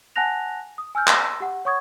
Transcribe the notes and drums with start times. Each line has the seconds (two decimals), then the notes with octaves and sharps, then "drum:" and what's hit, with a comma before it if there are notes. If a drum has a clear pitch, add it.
0.16 F#5 G#5 A5 F#6 A#6 F7
0.78 D#6
0.95 G#5 E6 F6 G6
1.08 C6 E6 A#6, drum: clap
1.40 G4 F#5
1.65 C#5 F#5 C#6 D#6 G#6